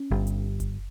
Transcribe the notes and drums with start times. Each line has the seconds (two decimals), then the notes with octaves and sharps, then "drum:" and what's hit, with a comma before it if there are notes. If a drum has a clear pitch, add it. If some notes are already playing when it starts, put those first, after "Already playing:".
Already playing: C#4
0.10 G1 G2
0.27 drum: hi-hat
0.60 drum: kick F#1, hi-hat